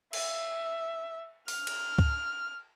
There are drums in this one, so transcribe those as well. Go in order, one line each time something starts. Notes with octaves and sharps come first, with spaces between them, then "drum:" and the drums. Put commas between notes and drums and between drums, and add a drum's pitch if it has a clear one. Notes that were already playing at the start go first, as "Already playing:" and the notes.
E5, drum: cymbal
F6, drum: open hi-hat
drum: cymbal
drum: kick C#2